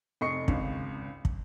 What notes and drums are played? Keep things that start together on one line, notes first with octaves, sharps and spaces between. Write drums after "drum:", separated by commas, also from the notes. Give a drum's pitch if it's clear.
F1 D#5 C#6 C7 C#7
G#1 C#2, drum: kick
drum: kick